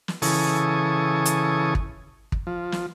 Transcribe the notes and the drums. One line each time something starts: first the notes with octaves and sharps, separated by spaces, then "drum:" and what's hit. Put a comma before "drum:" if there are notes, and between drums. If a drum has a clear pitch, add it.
drum: snare
C#3 E3 A4 G#5 C#6 D#6, drum: open hi-hat
drum: hi-hat
drum: kick
drum: kick
F3
drum: snare